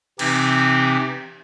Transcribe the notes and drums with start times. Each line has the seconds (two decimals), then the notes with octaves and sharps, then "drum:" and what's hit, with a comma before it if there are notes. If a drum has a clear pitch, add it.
0.19 C3 E3 C4 D#4 G4, drum: cymbal